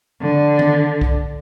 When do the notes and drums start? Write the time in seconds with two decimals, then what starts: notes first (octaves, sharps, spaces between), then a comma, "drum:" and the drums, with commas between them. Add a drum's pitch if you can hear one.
0.21 D3
0.59 drum: tom D#3
1.01 drum: kick B1